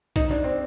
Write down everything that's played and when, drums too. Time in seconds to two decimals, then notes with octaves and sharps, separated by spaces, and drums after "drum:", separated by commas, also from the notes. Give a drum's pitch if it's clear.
0.16 D#4, drum: kick B1, hi-hat
0.31 D4
0.44 C4